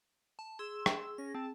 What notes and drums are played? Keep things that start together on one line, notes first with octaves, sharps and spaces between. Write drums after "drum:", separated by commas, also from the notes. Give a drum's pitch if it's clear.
A5
G#4 C6 E6
drum: rim click
C#4 A#6
C4 A5